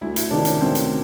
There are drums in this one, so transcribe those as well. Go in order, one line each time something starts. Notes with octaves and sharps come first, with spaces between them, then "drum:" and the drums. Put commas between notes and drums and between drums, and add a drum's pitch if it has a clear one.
D2 E4
E4, drum: hi-hat
C3 D#3 D4
C#4, drum: hi-hat
D2 C4
drum: hi-hat